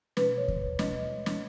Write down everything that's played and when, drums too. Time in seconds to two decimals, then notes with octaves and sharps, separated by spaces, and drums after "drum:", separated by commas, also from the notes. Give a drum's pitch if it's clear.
0.17 B2 B4, drum: snare
0.37 C#5
0.48 B2, drum: kick D#2
0.58 C#5
0.79 B2 D#5, drum: snare
1.11 G#3
1.26 drum: snare